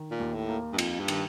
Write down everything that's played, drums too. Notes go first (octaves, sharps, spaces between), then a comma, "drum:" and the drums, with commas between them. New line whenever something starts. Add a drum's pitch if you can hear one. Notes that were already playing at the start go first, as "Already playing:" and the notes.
Already playing: D#3
A#2
D#2
A2
A#3
G2
F2 F4, drum: cymbal
G2
D#3, drum: cymbal